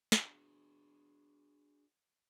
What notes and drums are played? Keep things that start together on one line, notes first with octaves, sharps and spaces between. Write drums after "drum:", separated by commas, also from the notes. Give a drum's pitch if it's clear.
drum: snare
D4 F#4 G#4